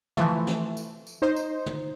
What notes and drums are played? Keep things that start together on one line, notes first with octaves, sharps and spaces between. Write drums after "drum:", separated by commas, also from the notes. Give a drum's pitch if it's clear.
E3 F3 A3, drum: tom
drum: snare
drum: tambourine
drum: tambourine
D#4 C5
drum: tambourine
drum: tom